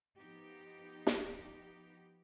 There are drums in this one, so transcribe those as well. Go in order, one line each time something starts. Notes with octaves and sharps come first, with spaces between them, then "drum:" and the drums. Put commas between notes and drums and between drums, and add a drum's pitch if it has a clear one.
F3 B3 D#4 G4
drum: snare